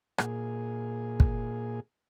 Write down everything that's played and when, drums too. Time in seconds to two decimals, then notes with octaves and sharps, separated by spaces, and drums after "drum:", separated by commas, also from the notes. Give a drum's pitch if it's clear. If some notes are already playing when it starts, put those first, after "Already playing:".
0.18 A#2 G#4, drum: rim click
1.20 drum: kick